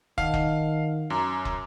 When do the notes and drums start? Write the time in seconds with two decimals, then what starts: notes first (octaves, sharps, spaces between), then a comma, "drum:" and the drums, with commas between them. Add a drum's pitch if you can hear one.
0.18 D#3 D#5 F5 F#5 A5, drum: kick
0.34 drum: kick
1.10 F#2 A#5 C6 D6
1.45 drum: kick